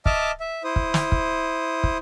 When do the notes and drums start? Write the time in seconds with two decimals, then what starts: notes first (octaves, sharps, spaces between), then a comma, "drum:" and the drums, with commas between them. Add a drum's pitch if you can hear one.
0.06 D#5 E5 A5 D6 F6, drum: kick
0.40 E5
0.64 E4 C5 D#6
0.76 drum: kick
0.94 drum: snare
1.12 drum: kick
1.84 drum: kick